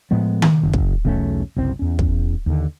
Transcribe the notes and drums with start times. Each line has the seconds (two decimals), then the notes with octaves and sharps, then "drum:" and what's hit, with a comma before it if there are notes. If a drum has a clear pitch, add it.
0.11 A2 F3 G#3 B3
0.42 drum: tom D#3
0.63 F#1
0.73 drum: kick
1.05 B1 E2 A3 C#4
1.56 F#1 C2 C4
1.79 E2 C#4
1.99 drum: kick
2.46 D#2 D3